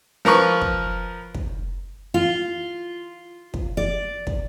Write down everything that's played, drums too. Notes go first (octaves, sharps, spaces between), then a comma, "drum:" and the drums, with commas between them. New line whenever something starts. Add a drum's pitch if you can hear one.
F3 A#4 B4 C#6
drum: kick
drum: kick
F4
drum: kick
D5
drum: kick